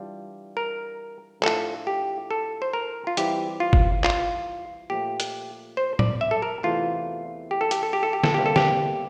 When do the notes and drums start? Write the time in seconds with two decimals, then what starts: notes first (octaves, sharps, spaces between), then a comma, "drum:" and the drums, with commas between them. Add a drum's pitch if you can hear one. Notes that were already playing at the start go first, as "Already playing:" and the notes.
Already playing: E3 G3 D4 F4
0.57 A#4
1.43 A2 F3 A3 D4 F4 A4, drum: clap
1.87 G4
2.31 A4
2.62 C5
2.73 A#4
3.07 F4
3.17 E3 G3 C4 E4 G4, drum: hi-hat
3.60 F4
3.73 drum: kick
4.04 F4, drum: clap
4.90 A#2 F3 A3 G4
5.20 drum: hi-hat
5.77 C5
5.99 D5, drum: tom A2
6.21 E5
6.31 A4
6.42 A#4
6.63 E2 C3 E3 A3 F4
7.51 G4
7.61 A4
7.71 G4, drum: hi-hat
7.83 A4
7.93 G4
8.03 A4
8.13 G4
8.23 A4, drum: snare
8.34 E2 C3 E3 G3 A#3 G4
8.46 A4
8.56 G4, drum: snare